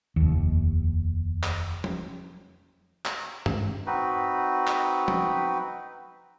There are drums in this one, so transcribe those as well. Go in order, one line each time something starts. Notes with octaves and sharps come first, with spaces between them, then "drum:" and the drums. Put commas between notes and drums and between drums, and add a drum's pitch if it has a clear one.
F1 D#2
drum: clap
drum: tom F3
drum: clap
drum: tom
C4 D#4 F#4 B4
drum: clap
drum: tom F3